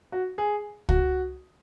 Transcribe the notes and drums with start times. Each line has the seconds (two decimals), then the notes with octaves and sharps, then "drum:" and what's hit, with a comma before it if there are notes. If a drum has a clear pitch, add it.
0.12 F#4
0.38 G#4
0.89 F#4, drum: kick